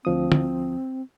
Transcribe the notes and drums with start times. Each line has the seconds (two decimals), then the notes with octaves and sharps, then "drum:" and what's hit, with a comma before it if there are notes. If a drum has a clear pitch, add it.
0.05 D2 F3 C4 D#6
0.32 drum: tom